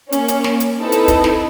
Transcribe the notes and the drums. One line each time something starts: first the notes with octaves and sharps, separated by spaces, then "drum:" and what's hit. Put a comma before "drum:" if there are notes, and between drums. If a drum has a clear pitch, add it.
A#3 C#4, drum: hi-hat
drum: hi-hat
drum: snare
drum: hi-hat
C4 D#4 E4 A4 B4
drum: hi-hat
drum: kick, hi-hat
drum: snare